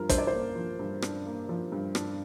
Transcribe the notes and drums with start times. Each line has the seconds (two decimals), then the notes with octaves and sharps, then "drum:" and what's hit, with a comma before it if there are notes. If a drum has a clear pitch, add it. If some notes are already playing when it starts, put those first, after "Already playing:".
Already playing: G2 F3 F4 A#4
0.09 D4 C5, drum: kick, hi-hat
0.18 D5
0.27 C5
0.33 A#3
0.56 F3
0.79 G2
1.02 D4, drum: rim click
1.26 A#3
1.49 F3
1.72 G2
1.95 D4, drum: rim click